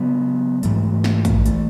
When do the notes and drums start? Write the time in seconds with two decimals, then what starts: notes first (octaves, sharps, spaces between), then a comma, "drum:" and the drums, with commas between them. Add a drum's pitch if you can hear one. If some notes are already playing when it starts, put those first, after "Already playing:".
Already playing: C#3 F#3 B3
0.63 G#2 E3 A3, drum: hi-hat
1.04 drum: snare
1.25 drum: kick, hi-hat
1.46 E3 A3, drum: hi-hat